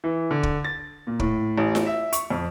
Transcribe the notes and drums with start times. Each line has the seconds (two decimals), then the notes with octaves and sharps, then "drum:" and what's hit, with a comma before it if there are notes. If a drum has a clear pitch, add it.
0.04 E3
0.31 D3
0.43 drum: kick
0.64 A6
1.07 A#2
1.20 A2, drum: kick
1.58 A1
1.75 drum: snare F4
1.86 E5
2.13 C#6, drum: hi-hat
2.30 F2